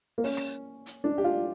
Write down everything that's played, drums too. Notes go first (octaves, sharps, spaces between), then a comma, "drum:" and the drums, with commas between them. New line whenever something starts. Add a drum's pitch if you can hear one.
A#3
C#4, drum: open hi-hat
drum: rim click
drum: hi-hat
D4
G4
F4